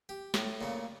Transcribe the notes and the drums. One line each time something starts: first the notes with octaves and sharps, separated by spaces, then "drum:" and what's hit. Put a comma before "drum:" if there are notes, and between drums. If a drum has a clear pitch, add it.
G4
A2, drum: snare
A#2 C#3